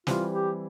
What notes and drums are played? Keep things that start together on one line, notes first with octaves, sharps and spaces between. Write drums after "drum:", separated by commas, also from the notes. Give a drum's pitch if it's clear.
E3 G3 C4 F4, drum: snare
G4